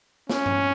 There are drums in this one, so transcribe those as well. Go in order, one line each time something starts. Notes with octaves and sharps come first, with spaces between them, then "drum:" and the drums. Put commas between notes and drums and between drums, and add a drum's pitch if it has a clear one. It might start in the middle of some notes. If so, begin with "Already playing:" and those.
C#4, drum: snare
drum: tom G2